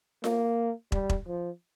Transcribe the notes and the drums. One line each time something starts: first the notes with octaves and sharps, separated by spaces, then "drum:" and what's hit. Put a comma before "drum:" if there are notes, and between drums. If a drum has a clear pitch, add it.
A#3, drum: snare F4
G3, drum: kick
drum: kick
F3